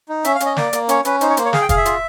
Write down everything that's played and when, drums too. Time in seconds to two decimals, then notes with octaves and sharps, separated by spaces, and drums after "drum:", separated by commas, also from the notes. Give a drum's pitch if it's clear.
0.09 D#4
0.24 C#4 E5, drum: hi-hat
0.35 F5
0.40 C#4, drum: hi-hat
0.46 D#5
0.57 A#3 D5, drum: snare
0.73 A#3, drum: hi-hat
0.89 C#4 C#5, drum: hi-hat
1.05 C#4 B4, drum: hi-hat
1.21 D#4 C5, drum: hi-hat
1.30 C#5
1.37 A#3 C5, drum: hi-hat
1.45 C#5
1.53 G#4 F5, drum: snare
1.61 G5
1.69 G#4 F5, drum: kick, hi-hat
1.77 E5
1.85 F4, drum: hi-hat